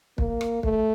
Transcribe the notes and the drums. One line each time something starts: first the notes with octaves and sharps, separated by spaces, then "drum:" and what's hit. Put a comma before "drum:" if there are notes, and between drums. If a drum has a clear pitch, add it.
A#3, drum: kick
drum: rim click
A3, drum: kick